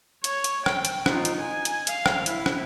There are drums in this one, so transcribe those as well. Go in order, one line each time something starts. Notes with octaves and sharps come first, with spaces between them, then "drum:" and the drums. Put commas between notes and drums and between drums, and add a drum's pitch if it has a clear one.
C#5, drum: hi-hat
drum: hi-hat
G5, drum: rim click
drum: hi-hat
D#4 F4, drum: rim click
drum: hi-hat
G#5
drum: hi-hat
F5, drum: hi-hat
drum: rim click
E4, drum: hi-hat
drum: rim click